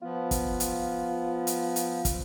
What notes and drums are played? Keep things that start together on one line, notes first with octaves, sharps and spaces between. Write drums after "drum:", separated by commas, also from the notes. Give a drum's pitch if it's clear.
F3 B3 F4
drum: kick, hi-hat
drum: hi-hat
drum: hi-hat
drum: hi-hat
drum: kick, hi-hat